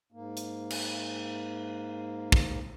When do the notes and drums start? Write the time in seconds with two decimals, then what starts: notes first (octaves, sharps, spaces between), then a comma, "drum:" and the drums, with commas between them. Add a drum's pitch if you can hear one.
0.12 G#2 A#3
0.37 drum: hi-hat
0.70 drum: cymbal
2.32 drum: kick